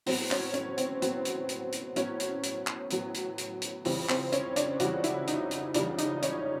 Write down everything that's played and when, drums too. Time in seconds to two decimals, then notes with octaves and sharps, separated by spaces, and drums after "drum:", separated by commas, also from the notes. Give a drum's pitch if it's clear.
0.06 A2 F#3 B3 C4, drum: open hi-hat
0.31 C#4, drum: clap
0.54 C#4, drum: hi-hat
0.77 C4, drum: hi-hat
1.02 A2 F#3 B3 C4, drum: hi-hat
1.25 drum: hi-hat
1.49 drum: hi-hat
1.72 drum: hi-hat
1.96 A2 F#3 B3 C#4, drum: hi-hat
2.20 drum: hi-hat
2.43 drum: hi-hat
2.67 drum: clap
2.90 A2 F#3 B3, drum: hi-hat
3.14 drum: hi-hat
3.38 drum: hi-hat
3.62 drum: hi-hat
3.85 F2 C#3 E3 G3 C4, drum: open hi-hat
4.09 C4, drum: clap
4.32 C#4, drum: hi-hat
4.56 D4, drum: hi-hat
4.80 F2 C#3 E3 G3 F#4, drum: hi-hat
5.04 E4, drum: hi-hat
5.27 D#4, drum: hi-hat
5.51 drum: hi-hat
5.74 F2 C#3 E3 G3 D4, drum: hi-hat
5.98 D#4, drum: hi-hat
6.22 C#4, drum: hi-hat